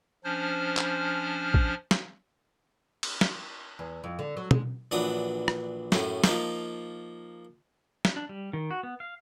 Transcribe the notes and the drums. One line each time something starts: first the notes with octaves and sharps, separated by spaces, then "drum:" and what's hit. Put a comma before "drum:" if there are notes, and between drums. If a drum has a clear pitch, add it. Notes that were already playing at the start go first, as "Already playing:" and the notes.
F3 C#4 D4 C5 F6
drum: clap
drum: kick A#1
drum: snare
drum: cymbal
drum: snare
E2
F2
D3
F#3
G#3, drum: tom
A#1 E3 F#3 D4 B4 D#6
drum: rim click
F#2 A2 A3 C#4, drum: snare
F3 A#3 D#4 E5 A5 C#6, drum: snare
drum: snare
D4
G3
D#3
F#4
B3
F5